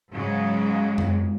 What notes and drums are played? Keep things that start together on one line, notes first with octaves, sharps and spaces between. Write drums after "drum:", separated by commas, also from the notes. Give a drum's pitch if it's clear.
G#2 C#3 F#3 G#3
drum: tom F#2